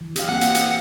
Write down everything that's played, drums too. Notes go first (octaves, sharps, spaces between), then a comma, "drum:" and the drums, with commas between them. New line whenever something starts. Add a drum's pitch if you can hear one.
E3
G4 F5, drum: hi-hat
A#3 C4 F5 F#5
drum: hi-hat
drum: hi-hat